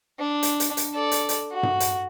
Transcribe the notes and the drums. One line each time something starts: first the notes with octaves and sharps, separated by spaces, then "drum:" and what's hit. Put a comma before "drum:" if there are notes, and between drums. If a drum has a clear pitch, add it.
D4
drum: hi-hat
drum: hi-hat
drum: hi-hat
A4 D5
drum: hi-hat
drum: hi-hat
F#4
drum: tom G2
drum: hi-hat